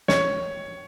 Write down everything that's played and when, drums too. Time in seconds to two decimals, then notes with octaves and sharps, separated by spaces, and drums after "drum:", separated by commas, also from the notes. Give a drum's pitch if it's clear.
0.08 C#5, drum: snare